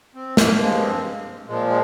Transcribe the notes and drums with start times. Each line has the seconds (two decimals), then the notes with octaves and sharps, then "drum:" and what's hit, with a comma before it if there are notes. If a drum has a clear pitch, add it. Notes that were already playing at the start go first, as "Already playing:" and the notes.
0.15 C4
0.37 A#3, drum: snare
0.58 G2 F3 G#3 A#3
0.80 C4
1.47 A#2 F3 G#3
1.67 G#3